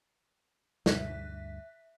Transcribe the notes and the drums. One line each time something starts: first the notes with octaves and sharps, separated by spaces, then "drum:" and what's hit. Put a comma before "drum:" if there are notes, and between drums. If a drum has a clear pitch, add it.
D2 G2 E5 F#6 B6, drum: snare